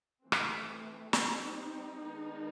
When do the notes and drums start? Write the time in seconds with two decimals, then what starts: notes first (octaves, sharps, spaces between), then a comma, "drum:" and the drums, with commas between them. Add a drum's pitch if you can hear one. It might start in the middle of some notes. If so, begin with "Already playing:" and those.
0.23 E3 A3 C4
0.32 drum: rim click
1.13 G3 C4 D#4, drum: snare
2.04 D#3 G#3 B3 D4